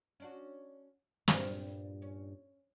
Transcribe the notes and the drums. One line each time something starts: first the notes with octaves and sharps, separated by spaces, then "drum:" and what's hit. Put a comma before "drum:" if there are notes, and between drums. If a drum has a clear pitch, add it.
C#4 D4 F#4
G2 A#2 G3 F4 C5, drum: snare
C#4